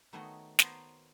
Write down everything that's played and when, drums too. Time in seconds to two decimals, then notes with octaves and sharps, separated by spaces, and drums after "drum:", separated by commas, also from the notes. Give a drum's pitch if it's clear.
0.13 D#3 A3 B3 F#4 C#5 D#5
0.59 B3 C5 C#5 A5 A#5, drum: snare